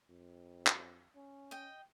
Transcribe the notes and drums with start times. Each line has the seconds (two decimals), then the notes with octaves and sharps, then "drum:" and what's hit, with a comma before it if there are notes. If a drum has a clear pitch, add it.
0.10 F2
0.67 drum: clap
1.16 C#4
1.51 D#5 G5